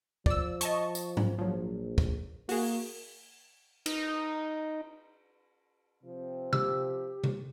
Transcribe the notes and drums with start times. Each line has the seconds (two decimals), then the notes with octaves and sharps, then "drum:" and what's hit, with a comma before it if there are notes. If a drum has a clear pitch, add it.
0.26 F3 D5 E6, drum: kick
0.61 D#5 A5 C#6, drum: hi-hat
0.95 drum: tambourine
1.17 drum: tom G#2
1.38 A#1 F3 F#3
1.98 drum: kick
2.49 A#3 F#4 G#4, drum: open hi-hat
3.86 D#4, drum: cymbal
6.03 C3 F3 C4
6.53 G4 E6, drum: tom C3
7.24 drum: tom C3